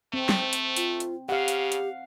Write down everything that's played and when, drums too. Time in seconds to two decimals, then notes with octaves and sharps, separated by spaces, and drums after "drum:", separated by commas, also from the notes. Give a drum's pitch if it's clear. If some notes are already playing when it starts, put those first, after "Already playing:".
0.13 A3 C4
0.29 drum: snare
0.53 drum: hi-hat
0.77 F4, drum: hi-hat
1.00 drum: hi-hat
1.29 C#3 G4 F5 F#5
1.48 drum: hi-hat
1.72 drum: hi-hat